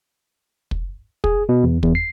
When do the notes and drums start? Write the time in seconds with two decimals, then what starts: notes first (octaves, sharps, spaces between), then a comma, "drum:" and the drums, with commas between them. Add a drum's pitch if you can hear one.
0.71 drum: kick
1.24 G#4, drum: kick
1.49 B2
1.64 E2
1.83 E2, drum: kick
1.95 C7